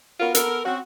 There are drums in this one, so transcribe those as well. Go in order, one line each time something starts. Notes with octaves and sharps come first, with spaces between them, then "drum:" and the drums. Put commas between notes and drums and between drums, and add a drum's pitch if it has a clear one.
B3 C#4 F4 F#4 A#4
B3 A4 A#4, drum: hi-hat
C4 C#4 F#4